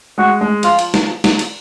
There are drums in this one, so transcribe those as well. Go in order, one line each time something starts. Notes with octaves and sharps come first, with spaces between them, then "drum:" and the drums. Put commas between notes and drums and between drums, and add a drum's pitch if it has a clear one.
G#3 F#4
G#3
F3 F4, drum: cymbal
drum: cymbal
drum: snare
drum: snare
drum: cymbal